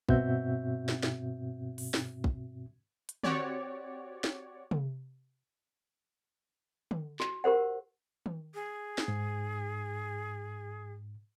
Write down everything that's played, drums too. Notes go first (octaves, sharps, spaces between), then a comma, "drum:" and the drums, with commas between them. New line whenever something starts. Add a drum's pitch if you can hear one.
G2 B2 C4 F#4 E5 G6, drum: kick
drum: snare
drum: snare
drum: open hi-hat
drum: snare
drum: kick
drum: hi-hat
C4 F#4 G4 C#5 D5, drum: tom D3
drum: snare
drum: tom C3
drum: tom D3
F#4, drum: clap
G4 A#4 C5 F#5
drum: tom D#3
G#4
drum: snare
G#2